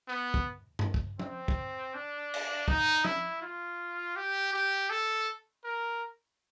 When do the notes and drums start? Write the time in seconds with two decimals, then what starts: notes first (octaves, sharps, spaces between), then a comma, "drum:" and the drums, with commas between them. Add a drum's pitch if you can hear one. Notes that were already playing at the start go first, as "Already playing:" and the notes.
0.08 B3
0.34 drum: kick
0.79 drum: tom G2
0.94 drum: kick
1.19 C4, drum: tom F3
1.48 drum: kick
1.94 D4
2.34 drum: cymbal
2.68 D#4, drum: kick
3.05 E4, drum: tom F3
3.42 F4
4.16 G4
4.53 G4
4.90 A4
5.64 A#4